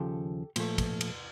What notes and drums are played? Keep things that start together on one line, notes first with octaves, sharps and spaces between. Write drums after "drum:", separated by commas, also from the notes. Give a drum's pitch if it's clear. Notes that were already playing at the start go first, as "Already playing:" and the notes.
Already playing: D#2 C#3 F3 G4 A4
A#2 F3 A3, drum: cymbal
drum: kick, cymbal
drum: cymbal